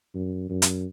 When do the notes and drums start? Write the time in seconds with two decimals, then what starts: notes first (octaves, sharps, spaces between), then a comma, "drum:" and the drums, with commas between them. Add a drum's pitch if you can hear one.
0.15 F#2
0.49 F#2
0.62 drum: hi-hat